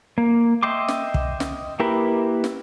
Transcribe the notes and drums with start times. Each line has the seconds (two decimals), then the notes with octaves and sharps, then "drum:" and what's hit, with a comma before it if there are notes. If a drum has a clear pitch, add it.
0.18 A#3
0.63 D#5 E5 G5 C6 D6
0.88 drum: snare
1.14 drum: kick
1.40 drum: snare
1.80 A#3 E4 G4 A#4 B4
2.44 drum: snare